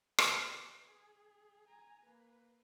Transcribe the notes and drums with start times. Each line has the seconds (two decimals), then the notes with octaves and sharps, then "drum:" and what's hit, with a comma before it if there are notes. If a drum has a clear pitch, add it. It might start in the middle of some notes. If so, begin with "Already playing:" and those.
0.18 B4, drum: rim click
0.85 G#4
1.67 G#5 A#5
2.05 A#3 B4